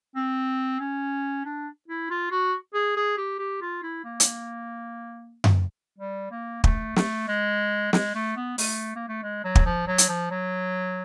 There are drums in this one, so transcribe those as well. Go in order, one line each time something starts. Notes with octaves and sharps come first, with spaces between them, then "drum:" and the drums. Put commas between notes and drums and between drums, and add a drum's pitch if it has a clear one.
C4
C#4
D4
E4
F4
F#4
G#4
G#4
G4
G4
F4
E4
A#3
drum: hi-hat
drum: tom F#2
G3
A#3
A3, drum: kick
A3, drum: snare
G#3
G#3, drum: snare
A3
B3
A3, drum: open hi-hat
A#3
A3
G#3
F#3
drum: kick
F3
F#3
drum: hi-hat
F3
F#3